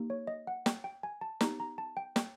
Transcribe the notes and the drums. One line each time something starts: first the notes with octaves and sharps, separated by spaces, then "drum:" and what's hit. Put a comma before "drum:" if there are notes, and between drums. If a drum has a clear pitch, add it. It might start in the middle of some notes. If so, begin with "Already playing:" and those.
Already playing: A#3 D#4 G4
C#5
D#5
F#5
G5, drum: snare
G5
G#5
A5
B3 D#4 G4 A#5, drum: snare
A#5
A5
G5
G5, drum: snare